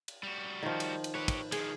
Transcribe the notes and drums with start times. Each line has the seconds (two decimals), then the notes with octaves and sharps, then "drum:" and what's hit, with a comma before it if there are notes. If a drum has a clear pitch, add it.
0.08 drum: cymbal
0.23 G3 F#4
0.63 D#3 F3
0.80 drum: cymbal
1.04 drum: cymbal
1.15 G4 B4 C#5
1.28 drum: kick, cymbal
1.52 D#3 F3 G#4, drum: cymbal